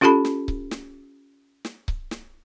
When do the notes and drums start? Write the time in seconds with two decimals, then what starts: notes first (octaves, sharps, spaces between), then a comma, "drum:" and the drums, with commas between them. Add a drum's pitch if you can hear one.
0.01 C#4 F4 G4 A4 A5 B5
0.25 drum: snare
0.48 drum: kick C#1
0.71 drum: snare
1.65 drum: snare
1.88 drum: kick C#1
2.11 drum: snare